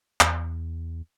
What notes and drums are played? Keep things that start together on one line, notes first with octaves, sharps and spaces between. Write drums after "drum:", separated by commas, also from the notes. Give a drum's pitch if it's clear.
E2, drum: clap